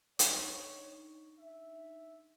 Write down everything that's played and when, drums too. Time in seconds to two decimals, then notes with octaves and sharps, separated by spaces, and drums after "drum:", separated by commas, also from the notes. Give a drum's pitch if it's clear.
0.19 D4 D#4 C#5, drum: hi-hat
1.39 E5